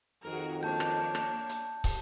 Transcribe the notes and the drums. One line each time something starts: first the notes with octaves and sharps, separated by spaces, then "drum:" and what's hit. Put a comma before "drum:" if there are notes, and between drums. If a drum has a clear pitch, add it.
F2 D#3 F#4 G#4 A#4
A#3 D4 C#5 A5 G6
drum: rim click
drum: rim click
drum: hi-hat
drum: kick, open hi-hat